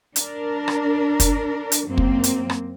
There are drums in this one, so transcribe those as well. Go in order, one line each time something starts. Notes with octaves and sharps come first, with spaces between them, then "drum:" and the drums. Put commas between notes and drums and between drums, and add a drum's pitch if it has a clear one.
D4 A#4, drum: hi-hat
drum: rim click
drum: kick, hi-hat
drum: hi-hat
F#2 A#3 C4
drum: kick
drum: hi-hat
drum: rim click